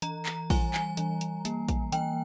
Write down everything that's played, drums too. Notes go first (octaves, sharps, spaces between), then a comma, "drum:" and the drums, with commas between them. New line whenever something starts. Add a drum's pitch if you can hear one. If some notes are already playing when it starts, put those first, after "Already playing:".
E3 A#5, drum: hi-hat
A#5, drum: clap
G3 G#5, drum: kick A#1, open hi-hat
G#5, drum: clap
E3, drum: hi-hat
drum: hi-hat
A#3, drum: hi-hat
drum: kick A#1, hi-hat
E3 G5, drum: hi-hat